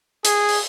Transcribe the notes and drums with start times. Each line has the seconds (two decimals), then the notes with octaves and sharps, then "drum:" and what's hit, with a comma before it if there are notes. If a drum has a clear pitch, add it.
0.25 G#4, drum: hi-hat
0.49 drum: open hi-hat